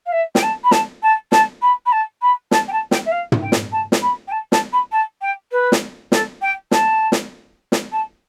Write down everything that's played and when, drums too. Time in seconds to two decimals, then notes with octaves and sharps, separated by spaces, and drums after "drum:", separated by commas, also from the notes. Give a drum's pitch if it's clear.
0.06 F5
0.12 E5
0.35 G5, drum: snare
0.42 A5
0.64 B5
0.71 A5, drum: snare
1.02 A5
1.32 A5, drum: snare
1.62 B5
1.86 B5
1.92 A5
2.22 B5
2.51 A5, drum: snare
2.68 G5
2.72 A5
2.91 G5, drum: snare
3.06 E5
3.11 F5
3.32 drum: tom
3.42 G5
3.52 drum: snare
3.72 A5
3.92 drum: snare
4.02 B5
4.27 G5
4.31 A5
4.52 A5, drum: snare
4.72 B5
4.92 A5
5.21 G5
5.51 B4
5.72 drum: snare
6.12 A4, drum: snare
6.41 G5
6.71 A5, drum: snare
7.12 drum: snare
7.72 drum: snare
7.92 A5